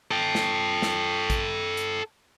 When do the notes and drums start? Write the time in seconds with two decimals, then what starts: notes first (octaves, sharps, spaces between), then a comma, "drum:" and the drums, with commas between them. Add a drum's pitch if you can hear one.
0.11 A4 G5
0.35 drum: snare
0.82 drum: snare
1.30 drum: kick, hi-hat
1.77 drum: hi-hat